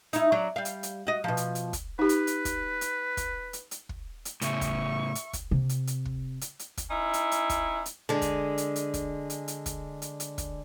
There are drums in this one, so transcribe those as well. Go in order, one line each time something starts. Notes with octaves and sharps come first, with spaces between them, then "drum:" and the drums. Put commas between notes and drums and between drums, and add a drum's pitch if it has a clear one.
D#4 E4, drum: hi-hat
F#3 D4
G3 F5
drum: hi-hat
drum: hi-hat
F#4 D#5
B2 F3
drum: hi-hat
drum: hi-hat
drum: kick, hi-hat
D#4 G4 B4
drum: hi-hat
drum: hi-hat
drum: kick, hi-hat
drum: hi-hat
drum: kick, hi-hat
drum: hi-hat
drum: hi-hat
drum: kick
drum: hi-hat
A2 C#3 E5 C#6, drum: hi-hat
drum: kick, hi-hat
drum: hi-hat
drum: kick, hi-hat
C3
drum: hi-hat
drum: hi-hat
drum: kick
drum: hi-hat
drum: hi-hat
drum: kick, hi-hat
C#4 D#4 E4
drum: hi-hat
drum: hi-hat
drum: kick, hi-hat
drum: hi-hat
D3 G#3
drum: kick, hi-hat
drum: hi-hat
drum: hi-hat
drum: kick, hi-hat
drum: hi-hat
drum: hi-hat
drum: kick, hi-hat
drum: hi-hat
drum: hi-hat
drum: kick, hi-hat